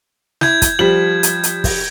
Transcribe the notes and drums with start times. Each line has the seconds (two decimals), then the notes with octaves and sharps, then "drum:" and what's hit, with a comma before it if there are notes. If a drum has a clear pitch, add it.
0.41 E4 G6 G#6, drum: snare
0.62 drum: kick, hi-hat
0.79 F3 G3 F#7
1.23 drum: hi-hat
1.43 drum: hi-hat
1.64 drum: kick, open hi-hat